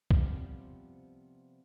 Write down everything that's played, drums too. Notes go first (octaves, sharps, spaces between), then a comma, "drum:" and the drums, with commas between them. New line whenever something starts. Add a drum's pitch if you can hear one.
C3 F3 G3 B3 F4 C5, drum: kick B1